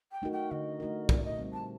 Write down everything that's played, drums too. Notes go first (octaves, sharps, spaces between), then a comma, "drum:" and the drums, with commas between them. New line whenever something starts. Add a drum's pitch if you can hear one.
G5
A3 D#4 F#4 A#4
G5
D3 D#5
A3 D#4 F#4 A#4
A#2 D5, drum: kick
D#5
G3 C4
A5